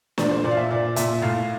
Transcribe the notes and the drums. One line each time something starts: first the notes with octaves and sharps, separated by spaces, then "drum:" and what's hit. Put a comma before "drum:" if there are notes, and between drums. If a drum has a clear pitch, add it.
A#2 D5, drum: snare
C5
A#2 D5
F5
E5
A#2 D5
A#2 E5, drum: hi-hat
A2 F5